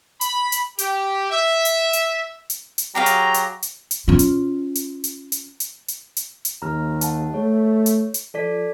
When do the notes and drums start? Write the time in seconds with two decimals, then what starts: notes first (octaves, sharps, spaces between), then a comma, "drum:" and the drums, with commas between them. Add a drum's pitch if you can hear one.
0.21 B5, drum: hi-hat
0.52 drum: hi-hat
0.79 G4, drum: hi-hat
1.31 E5
1.65 drum: hi-hat
1.93 drum: hi-hat
2.50 drum: hi-hat
2.78 drum: hi-hat
2.95 F#3 G4 G#4 F5 A#5
3.06 drum: hi-hat
3.34 drum: hi-hat
3.63 drum: hi-hat
3.91 drum: hi-hat
4.08 C#4 F4
4.19 drum: hi-hat
4.75 drum: hi-hat
5.04 drum: hi-hat
5.32 drum: hi-hat
5.60 drum: hi-hat
5.88 drum: hi-hat
6.17 drum: hi-hat
6.45 drum: hi-hat
6.62 D#2 A#5 F6
7.01 F#5 A5, drum: hi-hat
7.34 A3 C#5
7.86 drum: hi-hat
8.14 drum: hi-hat
8.34 F3 A4 D5 B6